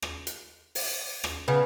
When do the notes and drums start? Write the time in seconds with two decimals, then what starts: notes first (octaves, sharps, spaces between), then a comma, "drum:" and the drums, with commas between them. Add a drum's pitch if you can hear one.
0.02 drum: rim click
0.27 drum: hi-hat
0.75 drum: open hi-hat
1.24 drum: rim click
1.48 C#3 B3